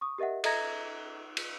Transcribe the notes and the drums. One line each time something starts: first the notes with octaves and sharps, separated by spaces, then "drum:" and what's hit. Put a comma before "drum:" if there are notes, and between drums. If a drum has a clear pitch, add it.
C#6 D#6
G4 A#4 D#5 E5 F#5
A4 D#5 E5 A#5 G#6 A#6, drum: cymbal
drum: cymbal